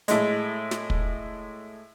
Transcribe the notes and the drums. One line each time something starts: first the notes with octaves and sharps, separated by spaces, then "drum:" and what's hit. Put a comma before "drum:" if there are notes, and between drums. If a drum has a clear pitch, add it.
A2 G#3, drum: hi-hat
drum: snare
drum: kick